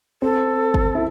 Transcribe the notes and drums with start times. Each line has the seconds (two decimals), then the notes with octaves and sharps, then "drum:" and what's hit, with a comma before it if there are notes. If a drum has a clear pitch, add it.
0.22 C4 A4
0.74 drum: kick
0.95 E4